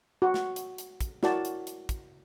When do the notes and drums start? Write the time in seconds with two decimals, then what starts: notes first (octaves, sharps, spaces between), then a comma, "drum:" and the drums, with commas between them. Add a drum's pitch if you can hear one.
0.22 F#4
0.34 drum: snare
0.56 drum: hi-hat
0.78 drum: hi-hat
1.01 drum: kick, hi-hat
1.23 E4 F#4 A#4 D5 G5 A5, drum: snare
1.45 drum: hi-hat
1.67 drum: hi-hat
1.89 drum: kick, hi-hat